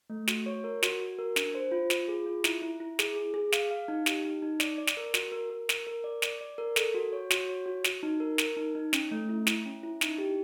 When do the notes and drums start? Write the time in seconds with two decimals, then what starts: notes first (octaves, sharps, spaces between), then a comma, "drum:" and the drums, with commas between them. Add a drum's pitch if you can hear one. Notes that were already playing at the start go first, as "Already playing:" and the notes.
0.10 A3
0.27 F#4, drum: snare
0.46 C#5
0.64 A#4
0.83 F#4, drum: snare
1.00 F#4
1.18 A#4
1.36 D4, drum: snare
1.55 C5
1.72 F4
1.90 F4, drum: snare
2.08 G#4
2.26 F4
2.44 E4, drum: snare
2.62 E4
2.80 E4
2.99 G#4, drum: snare
3.16 G#4
3.34 G#4
3.52 F5, drum: snare
3.71 F5
3.88 D#4
4.06 G4, drum: snare
4.25 D#4
4.42 D#4
4.60 D5, drum: snare
4.78 D5
4.87 drum: snare
4.97 A#4
5.14 F#4, drum: snare
5.32 A#4
5.50 A#4
5.69 A#4, drum: snare
5.87 A#4
6.04 D5
6.22 D5, drum: snare
6.41 D5
6.58 A#4
6.76 A4, drum: snare
6.94 F#4
7.13 C#5
7.30 F#4, drum: snare
7.49 C#5
7.66 F#4
7.84 F#4, drum: snare
8.03 D#4
8.20 A#4
8.38 A#4, drum: snare
8.56 D#4
8.75 D#4
8.93 C#4, drum: snare
9.11 A3
9.29 E4
9.47 E4, drum: snare
9.65 C#4
9.83 E4
10.01 D#4, drum: snare
10.18 G4